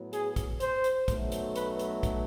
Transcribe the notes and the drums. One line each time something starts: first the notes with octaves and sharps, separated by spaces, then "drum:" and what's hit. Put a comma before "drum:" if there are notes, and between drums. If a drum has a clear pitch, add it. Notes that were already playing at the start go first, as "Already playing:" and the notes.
Already playing: A2 F#3 B3
G#4, drum: hi-hat
drum: kick, hi-hat
C5, drum: hi-hat
drum: hi-hat
B1 B2 F#3 A3, drum: kick, hi-hat
drum: hi-hat
B4, drum: hi-hat
drum: hi-hat
drum: kick, hi-hat